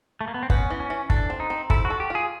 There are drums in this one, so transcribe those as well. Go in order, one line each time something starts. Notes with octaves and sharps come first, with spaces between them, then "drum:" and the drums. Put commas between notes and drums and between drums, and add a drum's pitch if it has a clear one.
A3
A#3
B3
C4
B3 C#4, drum: kick
E3
C#4
E3
D4 A4, drum: kick
C4
D#4
C4
E4 A4, drum: kick
F#4
A4
G4
F4 G#4